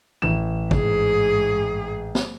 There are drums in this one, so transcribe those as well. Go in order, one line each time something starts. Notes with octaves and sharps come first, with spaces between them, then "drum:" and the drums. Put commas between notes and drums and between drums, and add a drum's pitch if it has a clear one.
A1 E7, drum: tom
G#2 G#4, drum: kick
drum: snare